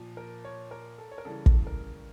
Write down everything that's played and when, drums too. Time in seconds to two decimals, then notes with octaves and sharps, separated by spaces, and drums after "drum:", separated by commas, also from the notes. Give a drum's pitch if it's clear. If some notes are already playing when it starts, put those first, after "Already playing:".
Already playing: A#2 F3
0.17 A#4
0.45 C#5
0.71 A#4
0.98 A4
1.11 C#5
1.18 A#4
1.25 C#3 E3 G3 A4
1.46 drum: kick
1.63 A4
1.67 A#4